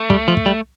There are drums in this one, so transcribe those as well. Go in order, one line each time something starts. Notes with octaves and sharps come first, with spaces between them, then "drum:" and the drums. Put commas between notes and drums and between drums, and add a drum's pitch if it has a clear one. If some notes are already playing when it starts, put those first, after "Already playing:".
Already playing: A3
G3, drum: kick
F3
drum: kick
G3